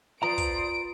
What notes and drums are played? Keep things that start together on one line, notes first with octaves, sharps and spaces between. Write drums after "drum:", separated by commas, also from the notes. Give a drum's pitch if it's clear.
F3 B4 C5 D5 A#5 D#6 D7
drum: kick, hi-hat